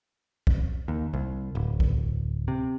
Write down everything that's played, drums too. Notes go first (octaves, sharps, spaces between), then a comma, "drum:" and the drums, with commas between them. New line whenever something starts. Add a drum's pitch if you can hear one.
drum: kick
D#2
C2
D1
drum: kick
C3